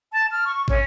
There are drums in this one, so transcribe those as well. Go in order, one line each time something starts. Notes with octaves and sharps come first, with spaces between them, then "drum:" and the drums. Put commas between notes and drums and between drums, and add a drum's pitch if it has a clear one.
A5
F6
C#6
C#4, drum: kick